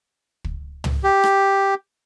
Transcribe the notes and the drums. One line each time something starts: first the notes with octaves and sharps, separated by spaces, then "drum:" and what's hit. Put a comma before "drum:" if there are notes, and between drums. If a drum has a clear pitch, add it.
drum: kick
drum: tom
G4
drum: rim click